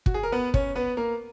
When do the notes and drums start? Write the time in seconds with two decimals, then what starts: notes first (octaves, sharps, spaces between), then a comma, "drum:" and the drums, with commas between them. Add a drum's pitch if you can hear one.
0.06 F#4, drum: kick
0.14 G#4
0.23 A#4
0.32 B3 B4
0.54 C#4 C#5, drum: kick
0.75 B3 B4
0.97 A#3 A#4